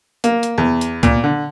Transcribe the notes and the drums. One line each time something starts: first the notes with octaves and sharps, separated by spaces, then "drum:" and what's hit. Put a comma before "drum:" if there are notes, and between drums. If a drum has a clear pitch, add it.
A#3, drum: hi-hat
drum: hi-hat
E2
drum: hi-hat
A#2, drum: kick C#2, hi-hat
D3